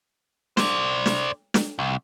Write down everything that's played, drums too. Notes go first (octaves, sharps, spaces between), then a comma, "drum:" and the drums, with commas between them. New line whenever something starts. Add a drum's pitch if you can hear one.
C5 D5, drum: snare
drum: snare
drum: snare
C2